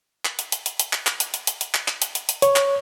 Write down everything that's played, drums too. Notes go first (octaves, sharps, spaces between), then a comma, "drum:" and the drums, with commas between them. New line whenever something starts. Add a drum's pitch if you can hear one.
drum: clap
drum: hi-hat
drum: hi-hat
drum: hi-hat
drum: hi-hat
drum: clap
drum: clap
drum: hi-hat
drum: hi-hat
drum: hi-hat
drum: hi-hat
drum: clap
drum: clap
drum: hi-hat
drum: hi-hat
drum: hi-hat
C#5, drum: hi-hat
drum: clap